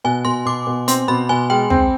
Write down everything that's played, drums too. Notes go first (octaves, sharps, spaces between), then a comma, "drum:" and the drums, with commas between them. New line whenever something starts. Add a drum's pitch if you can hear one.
B2 G#5
B2 C6
B2 D6
B2
C4 C6, drum: hi-hat
B2 B5
B2 G#5
G#3 G5
C4, drum: tom